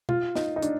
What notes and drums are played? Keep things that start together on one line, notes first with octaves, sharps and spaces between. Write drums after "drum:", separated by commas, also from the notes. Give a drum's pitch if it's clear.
F4, drum: tom B2
D#4, drum: snare
D#4
D4, drum: hi-hat